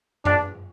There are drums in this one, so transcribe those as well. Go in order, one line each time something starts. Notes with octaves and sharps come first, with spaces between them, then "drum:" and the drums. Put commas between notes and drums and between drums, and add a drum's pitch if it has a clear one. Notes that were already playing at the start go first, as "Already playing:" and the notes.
D4, drum: tom F#2